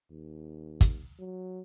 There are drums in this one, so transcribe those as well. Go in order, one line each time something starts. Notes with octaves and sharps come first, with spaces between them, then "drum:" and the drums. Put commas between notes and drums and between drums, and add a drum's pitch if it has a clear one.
D#2
drum: kick, hi-hat
F#3